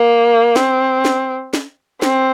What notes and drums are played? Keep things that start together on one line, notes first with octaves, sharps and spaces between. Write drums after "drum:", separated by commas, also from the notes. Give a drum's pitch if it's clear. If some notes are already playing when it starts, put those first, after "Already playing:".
Already playing: A#3
C4, drum: snare
drum: snare
drum: snare
C4, drum: snare